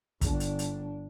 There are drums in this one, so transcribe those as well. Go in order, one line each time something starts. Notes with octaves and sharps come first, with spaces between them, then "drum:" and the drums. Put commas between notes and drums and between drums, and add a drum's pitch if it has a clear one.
G1 D4, drum: kick, hi-hat
drum: hi-hat
drum: hi-hat